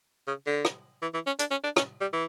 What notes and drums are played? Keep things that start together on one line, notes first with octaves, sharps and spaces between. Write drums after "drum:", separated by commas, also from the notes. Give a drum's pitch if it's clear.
C#3
D3
drum: rim click
E3
E3
C#4
D4, drum: hi-hat
C#4
D4
C#4, drum: rim click
G3
E3